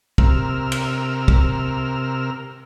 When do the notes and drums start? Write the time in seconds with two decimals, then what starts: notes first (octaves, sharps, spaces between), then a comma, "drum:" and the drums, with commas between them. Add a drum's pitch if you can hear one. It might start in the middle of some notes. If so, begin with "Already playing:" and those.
0.18 C3 A#4 E6 F6, drum: kick
0.72 drum: cymbal
1.28 drum: kick